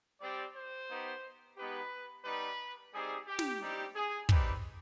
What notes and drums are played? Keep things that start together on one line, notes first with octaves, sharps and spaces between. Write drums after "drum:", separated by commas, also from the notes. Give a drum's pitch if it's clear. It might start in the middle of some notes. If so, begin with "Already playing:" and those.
G3 C4 G4 D5
C5
B3 D#4 G4
G#3 B3 D#4 G4 B4
G3 B3 D#4 B4
G3 C4 D#4 G4 G#4
G4
drum: snare
G3 C4 D#4 G4
G#4
G3 C4 D#4 G4 B4, drum: kick